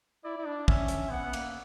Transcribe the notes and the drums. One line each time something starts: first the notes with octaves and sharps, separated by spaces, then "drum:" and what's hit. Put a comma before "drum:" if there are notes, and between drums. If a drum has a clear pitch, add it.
E4 D5
E4
D4
C#4 E5, drum: kick
drum: hi-hat
B3 F#5
B3
A#3, drum: cymbal